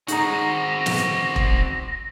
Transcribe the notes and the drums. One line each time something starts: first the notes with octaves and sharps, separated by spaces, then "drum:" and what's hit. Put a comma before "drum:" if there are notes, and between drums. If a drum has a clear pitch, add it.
C4 D#4 F#4 G#4 A#5 A#6, drum: hi-hat
drum: snare
drum: kick E1